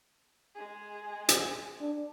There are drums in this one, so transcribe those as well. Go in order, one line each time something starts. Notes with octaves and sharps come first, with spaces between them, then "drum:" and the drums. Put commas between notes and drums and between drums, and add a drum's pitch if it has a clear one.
G#3 G#4
drum: hi-hat
D4